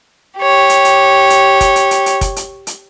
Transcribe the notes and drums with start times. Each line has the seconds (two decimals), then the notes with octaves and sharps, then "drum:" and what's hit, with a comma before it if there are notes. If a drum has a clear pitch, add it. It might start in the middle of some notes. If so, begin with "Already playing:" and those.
0.39 G4 C#5
0.70 drum: hi-hat
0.85 drum: hi-hat
1.30 drum: hi-hat
1.61 drum: kick, hi-hat
1.76 drum: hi-hat
1.91 drum: hi-hat
2.06 drum: hi-hat
2.21 drum: kick, hi-hat
2.36 drum: hi-hat
2.67 drum: hi-hat